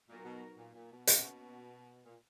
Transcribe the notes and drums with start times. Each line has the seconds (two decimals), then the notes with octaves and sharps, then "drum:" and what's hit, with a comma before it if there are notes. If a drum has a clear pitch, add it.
0.09 A#2 F#3 B3 D#4 F#4 A#4
0.25 B2
0.57 A#2
0.75 A#2
0.91 B2
1.07 A#3 C#4 F#4, drum: hi-hat
2.06 A#2